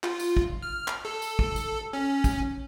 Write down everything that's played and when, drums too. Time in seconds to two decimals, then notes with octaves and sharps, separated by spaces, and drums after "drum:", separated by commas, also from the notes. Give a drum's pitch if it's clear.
0.03 F4, drum: clap
0.19 drum: tambourine
0.37 drum: kick
0.62 F6
0.88 drum: clap
1.05 A4
1.22 drum: tambourine
1.39 drum: kick
1.56 drum: tambourine
1.93 C#4
2.24 drum: kick, tambourine